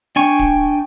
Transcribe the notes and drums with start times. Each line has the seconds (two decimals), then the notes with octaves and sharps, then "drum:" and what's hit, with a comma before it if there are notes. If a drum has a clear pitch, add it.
0.16 D4 G5 G#5 C#6
0.39 drum: kick D1